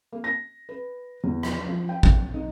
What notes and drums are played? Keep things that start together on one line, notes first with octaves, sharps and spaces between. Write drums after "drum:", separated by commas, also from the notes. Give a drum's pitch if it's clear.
A#3
A#6
B4
E2
drum: rim click
F3
G5
drum: kick
D#4